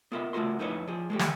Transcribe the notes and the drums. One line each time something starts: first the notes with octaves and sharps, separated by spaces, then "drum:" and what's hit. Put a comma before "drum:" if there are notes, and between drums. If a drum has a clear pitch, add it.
B3 F4 A#4 D#5 E5 B5
C#3 A3 F4 F#4 A#4 C6
F2 D#4 E4 B4 C#5 D#5
F3 G#4
G#3 A3 G4
drum: snare